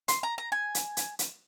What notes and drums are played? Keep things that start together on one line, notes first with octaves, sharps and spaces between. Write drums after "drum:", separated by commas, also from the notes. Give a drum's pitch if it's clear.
C6, drum: hi-hat
A#5
A#5
G#5
drum: hi-hat
drum: hi-hat
drum: hi-hat